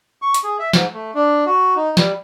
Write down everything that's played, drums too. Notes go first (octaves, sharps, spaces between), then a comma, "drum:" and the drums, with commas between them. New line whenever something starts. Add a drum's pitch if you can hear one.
C#6
drum: hi-hat
G#4
E5
G#2, drum: snare
A3
D4
F#4
D#4
G3, drum: snare